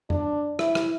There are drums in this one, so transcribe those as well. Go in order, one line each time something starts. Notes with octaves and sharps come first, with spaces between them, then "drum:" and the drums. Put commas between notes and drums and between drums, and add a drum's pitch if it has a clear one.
D4, drum: tom F2
E4, drum: rim click
drum: rim click